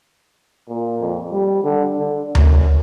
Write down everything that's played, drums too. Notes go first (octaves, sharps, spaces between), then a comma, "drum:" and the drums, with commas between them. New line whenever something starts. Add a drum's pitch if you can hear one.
A#2
F2
G3
D3
D3
F#2, drum: tom D2